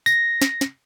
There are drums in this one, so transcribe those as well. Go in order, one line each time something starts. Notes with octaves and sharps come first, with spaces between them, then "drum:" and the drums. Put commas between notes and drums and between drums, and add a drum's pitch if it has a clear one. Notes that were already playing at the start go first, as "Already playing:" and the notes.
A#6, drum: tambourine
drum: snare
drum: snare